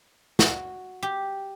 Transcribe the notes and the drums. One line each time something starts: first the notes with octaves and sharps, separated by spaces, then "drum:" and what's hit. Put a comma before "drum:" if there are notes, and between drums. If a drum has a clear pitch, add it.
F#4, drum: snare
G4